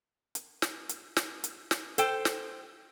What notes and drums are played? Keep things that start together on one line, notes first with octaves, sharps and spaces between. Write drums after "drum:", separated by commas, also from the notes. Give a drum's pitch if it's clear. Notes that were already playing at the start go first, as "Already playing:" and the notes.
drum: hi-hat
drum: snare
drum: hi-hat
drum: snare
drum: hi-hat
drum: snare
A4 C5 G5, drum: hi-hat
drum: snare